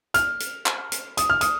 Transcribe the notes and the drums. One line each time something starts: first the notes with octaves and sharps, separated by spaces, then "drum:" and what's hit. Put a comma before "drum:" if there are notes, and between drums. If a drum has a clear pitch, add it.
F6, drum: hi-hat
drum: hi-hat
drum: clap
drum: hi-hat
D#6, drum: hi-hat
F6
D#6, drum: hi-hat